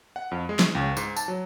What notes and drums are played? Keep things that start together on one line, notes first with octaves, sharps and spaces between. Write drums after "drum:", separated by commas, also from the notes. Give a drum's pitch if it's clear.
F#5
F2
G#3
drum: snare
C#2
G#2, drum: tambourine
A5, drum: tambourine
F#3